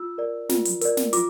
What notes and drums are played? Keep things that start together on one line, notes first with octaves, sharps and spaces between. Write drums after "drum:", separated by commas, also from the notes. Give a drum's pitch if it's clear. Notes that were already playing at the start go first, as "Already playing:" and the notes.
Already playing: F4 E6
A#4 D5
F4, drum: snare
drum: hi-hat
A#4 D5, drum: hi-hat
drum: snare
F4 D6, drum: hi-hat